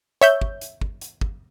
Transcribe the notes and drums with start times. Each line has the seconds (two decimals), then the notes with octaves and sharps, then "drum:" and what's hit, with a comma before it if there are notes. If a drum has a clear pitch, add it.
0.21 C#5 E5 G6, drum: hi-hat
0.41 drum: kick
0.61 drum: hi-hat
0.81 drum: kick
1.01 drum: hi-hat
1.21 drum: kick